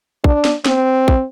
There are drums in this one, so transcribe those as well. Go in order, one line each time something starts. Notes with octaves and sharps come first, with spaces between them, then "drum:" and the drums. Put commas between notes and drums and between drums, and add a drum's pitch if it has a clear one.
D4, drum: kick
drum: snare
C4, drum: snare
drum: kick